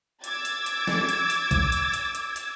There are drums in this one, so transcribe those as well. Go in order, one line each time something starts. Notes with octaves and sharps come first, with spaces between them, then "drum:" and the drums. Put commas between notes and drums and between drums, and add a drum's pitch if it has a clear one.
D6 E6 G#6 A6, drum: hi-hat
drum: hi-hat
drum: hi-hat
drum: snare
drum: hi-hat
drum: hi-hat
drum: kick, hi-hat
drum: hi-hat
drum: hi-hat
drum: hi-hat
drum: hi-hat